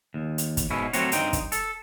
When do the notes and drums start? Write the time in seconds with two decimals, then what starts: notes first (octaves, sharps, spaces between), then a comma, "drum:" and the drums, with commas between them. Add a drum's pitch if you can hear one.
0.14 D#2
0.38 drum: hi-hat
0.57 drum: kick, hi-hat
0.70 G#2 B2 C#4 E4
0.93 F#3 G3 A3 C4 F#4 C#5, drum: hi-hat
1.12 G2 C4 D#4 G5, drum: hi-hat
1.33 drum: kick, hi-hat
1.52 A4, drum: hi-hat